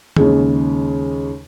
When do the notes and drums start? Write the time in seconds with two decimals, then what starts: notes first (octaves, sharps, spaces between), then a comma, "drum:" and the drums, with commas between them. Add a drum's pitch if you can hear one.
0.17 D#2 C#3 G#3, drum: tom D#3